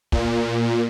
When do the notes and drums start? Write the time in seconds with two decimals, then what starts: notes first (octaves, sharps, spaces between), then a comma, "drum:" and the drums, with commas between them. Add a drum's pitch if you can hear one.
0.12 A#2, drum: kick